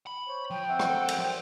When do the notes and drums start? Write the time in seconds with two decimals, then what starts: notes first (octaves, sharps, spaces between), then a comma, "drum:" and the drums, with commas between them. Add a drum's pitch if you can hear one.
0.07 B5
0.28 C5 C#5
0.50 F3 G5
0.69 C4 E5 F#5
0.79 drum: rim click
0.90 A4
1.08 drum: cymbal
1.18 F3 C5